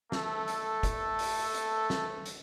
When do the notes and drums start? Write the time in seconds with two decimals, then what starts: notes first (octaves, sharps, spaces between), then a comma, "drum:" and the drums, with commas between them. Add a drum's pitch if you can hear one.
0.12 A3 A4, drum: snare
0.48 drum: hi-hat
0.83 drum: kick, hi-hat
1.19 drum: open hi-hat
1.54 drum: hi-hat
1.90 drum: snare
2.26 drum: hi-hat